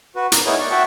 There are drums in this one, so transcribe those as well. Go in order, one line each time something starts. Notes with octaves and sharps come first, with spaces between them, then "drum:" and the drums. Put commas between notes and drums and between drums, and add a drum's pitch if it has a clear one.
F#4 B4
A#4, drum: hi-hat
B3 D#4 E4 G#4 A#4 C#5
D5 C#6
F#4 E5 F#5 G5 A5 C#6